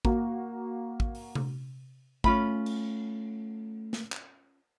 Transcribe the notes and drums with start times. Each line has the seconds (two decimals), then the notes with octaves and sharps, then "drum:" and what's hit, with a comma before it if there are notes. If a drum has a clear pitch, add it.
0.05 A#3 F#4, drum: kick
1.00 drum: kick
1.15 drum: open hi-hat
1.35 drum: tom C3
2.24 A3 C#4 F4 B5, drum: kick
2.66 drum: cymbal
3.93 drum: snare
4.12 drum: clap